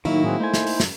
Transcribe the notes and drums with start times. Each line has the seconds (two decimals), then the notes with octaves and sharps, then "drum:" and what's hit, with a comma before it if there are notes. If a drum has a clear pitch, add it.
0.05 A2 D#3 F#3 A#3 D#4 E4
0.24 A2 C4 F#4 G#4
0.40 A3 D#4 C5 G#5
0.54 drum: snare
0.67 drum: open hi-hat
0.80 F#2, drum: snare